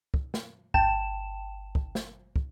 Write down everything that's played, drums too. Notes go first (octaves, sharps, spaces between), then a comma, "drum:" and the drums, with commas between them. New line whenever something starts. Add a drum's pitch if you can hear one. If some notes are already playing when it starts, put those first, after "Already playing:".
drum: kick
drum: snare
G1 G5 A5 E7, drum: kick
drum: kick
drum: snare
drum: kick